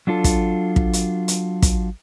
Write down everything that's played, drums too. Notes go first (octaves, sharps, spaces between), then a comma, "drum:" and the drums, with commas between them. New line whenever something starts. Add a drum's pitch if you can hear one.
F#3 D4 F4 A4
drum: kick, hi-hat
drum: kick
drum: hi-hat
drum: hi-hat
drum: kick, hi-hat